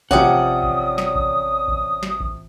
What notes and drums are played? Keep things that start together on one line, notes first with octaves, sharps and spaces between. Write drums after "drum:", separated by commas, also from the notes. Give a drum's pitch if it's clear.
C3 F3 C#4 D5 F#5 G5 D#6, drum: kick A1
drum: kick A1
drum: snare
drum: kick A1
drum: kick A1
drum: snare
drum: kick A1